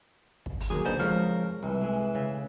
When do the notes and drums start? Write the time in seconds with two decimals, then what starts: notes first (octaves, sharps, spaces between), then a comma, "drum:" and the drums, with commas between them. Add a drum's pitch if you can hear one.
0.46 drum: kick
0.60 drum: open hi-hat
0.70 D#2 F#3 A#3 G#4
0.85 D3 B3 D#4 C5
0.99 F2 F3 G#3 A#4 C#5
1.63 C2 E3 G3
1.81 G#3 A3 G#4
2.15 C#3